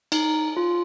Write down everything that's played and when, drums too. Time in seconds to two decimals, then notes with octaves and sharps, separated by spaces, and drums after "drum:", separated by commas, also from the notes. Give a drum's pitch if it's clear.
0.12 D#4, drum: cymbal
0.57 F4